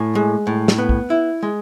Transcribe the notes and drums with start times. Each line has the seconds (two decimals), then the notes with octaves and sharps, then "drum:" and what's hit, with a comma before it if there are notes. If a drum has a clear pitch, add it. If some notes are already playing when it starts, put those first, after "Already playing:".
Already playing: A2 G#5
0.15 G#3
0.47 A2
0.68 drum: snare
0.78 B3
0.89 drum: kick
1.10 E4
1.43 G#3